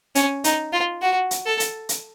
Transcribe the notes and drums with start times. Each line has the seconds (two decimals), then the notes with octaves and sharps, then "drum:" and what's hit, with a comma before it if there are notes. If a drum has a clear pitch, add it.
0.15 C#4, drum: hi-hat
0.44 D#4, drum: hi-hat
0.73 F4
1.02 F#4
1.31 drum: hi-hat
1.46 A4
1.60 drum: hi-hat
1.89 drum: hi-hat